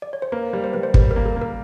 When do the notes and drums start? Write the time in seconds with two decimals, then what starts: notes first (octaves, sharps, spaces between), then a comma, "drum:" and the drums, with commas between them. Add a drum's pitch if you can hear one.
0.02 D5
0.13 C#5
0.22 C5
0.32 A#3 B4
0.53 G3
0.64 C5
0.73 G3 B4
0.83 C5
0.94 G3 B4, drum: kick
1.11 A#4
1.16 A#3
1.26 A4
1.36 A#3
1.41 A#4